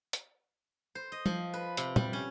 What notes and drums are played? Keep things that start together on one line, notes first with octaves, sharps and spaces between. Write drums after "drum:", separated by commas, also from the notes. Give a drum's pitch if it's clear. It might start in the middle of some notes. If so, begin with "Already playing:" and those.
drum: hi-hat
C5
D#5
F3, drum: tom
B4
C3, drum: hi-hat
G3, drum: tom
C#4